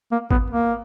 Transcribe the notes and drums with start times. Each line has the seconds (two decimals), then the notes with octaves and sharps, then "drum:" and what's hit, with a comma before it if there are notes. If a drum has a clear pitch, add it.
0.12 A#3
0.31 B3, drum: kick G#1
0.50 A#3